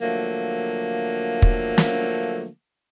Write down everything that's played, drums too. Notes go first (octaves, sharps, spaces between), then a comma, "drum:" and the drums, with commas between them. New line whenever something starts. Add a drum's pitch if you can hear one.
D3 F3 F#3 A3 A#3
drum: kick
drum: snare